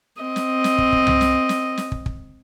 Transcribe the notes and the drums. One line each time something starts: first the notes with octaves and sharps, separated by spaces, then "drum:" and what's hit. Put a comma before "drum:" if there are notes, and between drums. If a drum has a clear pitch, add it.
C4 D#5
drum: snare
drum: snare
drum: kick
drum: kick
drum: tom C2
drum: snare
drum: snare
drum: snare
drum: kick
drum: kick